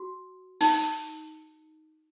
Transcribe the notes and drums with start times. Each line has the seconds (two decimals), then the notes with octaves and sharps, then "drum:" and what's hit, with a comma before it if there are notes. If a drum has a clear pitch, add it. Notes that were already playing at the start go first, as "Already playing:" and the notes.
Already playing: F#4
0.61 D#4, drum: open hi-hat
0.74 D#4